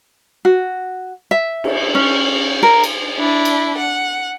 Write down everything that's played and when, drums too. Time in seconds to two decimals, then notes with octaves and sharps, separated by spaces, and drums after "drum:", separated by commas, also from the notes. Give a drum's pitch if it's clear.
0.45 F#4
1.31 E5
1.64 drum: cymbal
1.95 C#4
2.63 A#4
2.84 drum: cymbal
3.18 D4 E4
3.45 drum: cymbal
3.78 F#5